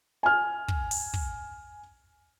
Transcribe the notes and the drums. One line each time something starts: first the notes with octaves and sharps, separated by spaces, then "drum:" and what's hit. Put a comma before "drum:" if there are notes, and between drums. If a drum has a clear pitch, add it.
G#5 F6
drum: kick
drum: open hi-hat
drum: kick